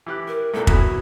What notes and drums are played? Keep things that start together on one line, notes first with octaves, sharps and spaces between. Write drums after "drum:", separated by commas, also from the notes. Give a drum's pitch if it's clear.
E3 G4 F#6
A#4
C2 A#2 A4
F#3 B3 E4 F#4, drum: kick